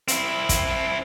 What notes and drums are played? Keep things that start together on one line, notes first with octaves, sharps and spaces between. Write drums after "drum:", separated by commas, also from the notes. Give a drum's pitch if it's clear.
C4 E4, drum: hi-hat
drum: kick, hi-hat